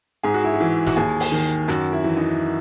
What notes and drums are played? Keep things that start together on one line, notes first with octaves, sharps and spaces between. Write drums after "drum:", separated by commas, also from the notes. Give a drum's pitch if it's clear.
G#2 G#4
F#4
E4
F#4
E3
F#4, drum: snare
D#2 G#4
drum: open hi-hat
D#3
F#2 F#4, drum: hi-hat
E4
E3
D#4